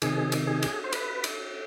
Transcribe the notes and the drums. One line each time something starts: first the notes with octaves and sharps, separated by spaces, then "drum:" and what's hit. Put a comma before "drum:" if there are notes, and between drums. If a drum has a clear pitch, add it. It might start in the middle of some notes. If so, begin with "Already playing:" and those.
C3 D#3 G#4, drum: cymbal
drum: cymbal
G#4
drum: cymbal
C5
B4, drum: cymbal
drum: cymbal